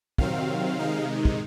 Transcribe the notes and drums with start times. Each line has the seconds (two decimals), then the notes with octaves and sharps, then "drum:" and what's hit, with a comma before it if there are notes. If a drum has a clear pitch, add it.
0.18 C3 D#3 F#3 C4 F5, drum: kick
0.79 C3 D#3 G#3 D#4
1.25 drum: kick